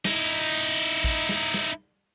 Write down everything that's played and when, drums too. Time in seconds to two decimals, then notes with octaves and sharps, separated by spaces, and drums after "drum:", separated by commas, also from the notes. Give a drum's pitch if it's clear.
0.05 D#4 E4, drum: snare
1.04 drum: kick
1.29 drum: snare
1.54 drum: snare